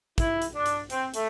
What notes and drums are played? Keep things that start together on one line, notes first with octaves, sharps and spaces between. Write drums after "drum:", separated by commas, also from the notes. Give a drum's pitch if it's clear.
E4, drum: kick, hi-hat
drum: hi-hat
D4
drum: hi-hat
C4, drum: hi-hat
A3, drum: hi-hat